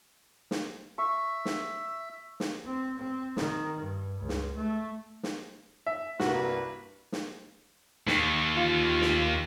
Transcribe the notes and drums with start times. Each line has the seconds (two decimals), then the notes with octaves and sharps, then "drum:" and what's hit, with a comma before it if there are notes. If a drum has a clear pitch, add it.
0.51 drum: snare
0.98 E5 C#6
1.45 drum: snare
2.40 drum: snare
2.65 C4
2.98 C4
3.37 D#3, drum: snare
3.80 G2
4.20 C#2
4.29 drum: snare
4.57 A3
5.23 drum: snare
5.86 E5
6.20 C2 G2 A#3 F#4 B4, drum: snare
7.12 drum: snare
8.07 D#2, drum: snare
8.57 F4
9.01 drum: snare